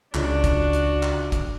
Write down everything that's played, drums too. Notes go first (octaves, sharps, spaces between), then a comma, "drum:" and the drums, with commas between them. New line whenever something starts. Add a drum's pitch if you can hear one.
C#2 D4 F#4, drum: clap
drum: kick, hi-hat
drum: hi-hat
drum: clap
drum: kick, hi-hat